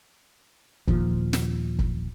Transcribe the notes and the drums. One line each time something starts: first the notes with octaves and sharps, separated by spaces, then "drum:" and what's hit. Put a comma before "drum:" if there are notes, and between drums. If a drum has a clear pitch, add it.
D#2 A#2 F3, drum: kick
drum: snare
drum: kick